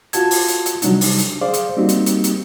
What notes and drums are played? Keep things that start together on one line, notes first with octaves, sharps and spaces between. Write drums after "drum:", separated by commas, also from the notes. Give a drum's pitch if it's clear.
F4 F#4 A5 G#6, drum: hi-hat
drum: open hi-hat
drum: hi-hat
drum: hi-hat
C3 F#3 G3 D4 D#4, drum: hi-hat
drum: open hi-hat
drum: hi-hat
G#4 C5 D5 F5 D6
drum: hi-hat
G3 A#3 C4 D#4 F#4 G4
drum: hi-hat
drum: hi-hat
drum: hi-hat